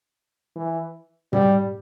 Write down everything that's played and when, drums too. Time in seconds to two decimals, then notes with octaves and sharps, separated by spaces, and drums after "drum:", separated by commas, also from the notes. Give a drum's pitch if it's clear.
0.56 E3
1.33 G3, drum: tom